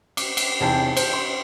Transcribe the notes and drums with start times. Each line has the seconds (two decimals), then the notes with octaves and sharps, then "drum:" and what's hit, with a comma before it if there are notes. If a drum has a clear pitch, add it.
0.17 D6, drum: cymbal
0.37 drum: cymbal
0.60 E2 C3 C#4 D#4 G5 A5
0.97 C5, drum: cymbal
1.13 C6